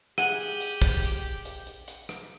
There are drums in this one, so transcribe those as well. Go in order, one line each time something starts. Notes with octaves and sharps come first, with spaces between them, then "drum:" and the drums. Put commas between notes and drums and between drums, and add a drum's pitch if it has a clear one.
G4 G#4 F#5 D#7 F#7 G7, drum: rim click
drum: hi-hat
drum: kick, hi-hat
drum: hi-hat
drum: hi-hat
drum: hi-hat
drum: hi-hat
drum: rim click